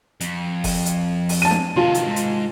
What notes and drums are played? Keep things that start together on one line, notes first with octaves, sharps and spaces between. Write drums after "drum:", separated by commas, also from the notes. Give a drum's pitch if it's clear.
F2, drum: hi-hat
drum: kick F1, open hi-hat
drum: hi-hat
drum: open hi-hat
A5 D#7
drum: snare D4
C3 D#3 F4 A5
drum: hi-hat
G#2
drum: hi-hat